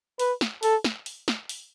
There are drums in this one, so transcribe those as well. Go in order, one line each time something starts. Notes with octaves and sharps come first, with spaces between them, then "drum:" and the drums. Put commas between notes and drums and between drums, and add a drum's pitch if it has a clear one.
B4, drum: open hi-hat
drum: snare
A4, drum: open hi-hat
drum: snare
drum: open hi-hat
drum: snare
drum: open hi-hat